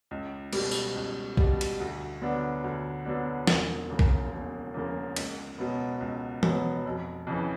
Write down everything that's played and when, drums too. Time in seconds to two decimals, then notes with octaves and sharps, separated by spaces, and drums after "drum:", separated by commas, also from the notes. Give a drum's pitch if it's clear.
0.11 C#2
0.53 B2 G3, drum: cymbal
0.71 drum: tambourine
0.95 C#2
1.37 B2 G3, drum: kick A#1
1.61 drum: cymbal
1.80 D2
2.21 D3 F#3 B3 D4
2.64 D2
3.05 D3 F#3 B3 D4
3.47 E1, drum: snare
3.90 E2 C#3 F3 A#3
3.99 drum: kick A#1
4.32 E1
4.74 E2 C#3 F3 A#3
5.16 C#2, drum: cymbal
5.58 B2 F#3 B3
6.01 C#2
6.43 B2 F#3 B3, drum: tom E3
6.85 F1
7.27 F2 C#3 E3